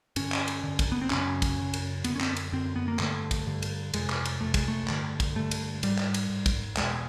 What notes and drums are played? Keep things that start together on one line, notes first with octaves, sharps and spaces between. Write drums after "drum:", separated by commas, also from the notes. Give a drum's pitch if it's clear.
G2 D3 C#4, drum: cymbal
drum: clap
drum: cymbal
G2 D3
drum: kick, cymbal
B3
C4
F#2 C#3 C#4, drum: clap
drum: kick, cymbal
F#2 C#3
drum: cymbal
F#2 D3 B3, drum: cymbal
C#4
C4, drum: clap
drum: cymbal
F#2 D3 C4
B3
A#3
G2 D3 A3, drum: clap
drum: kick, cymbal
G2 D3
drum: cymbal
F2 C3 G#3, drum: cymbal
drum: clap
drum: cymbal
F2 C3 A3
G#3, drum: kick, cymbal
A3
G2 D3, drum: clap
drum: kick, cymbal
G2 D3 A3
drum: cymbal
G#2 G3, drum: cymbal
drum: clap
drum: cymbal
G#2
drum: kick, cymbal
E2 B2 G#3, drum: clap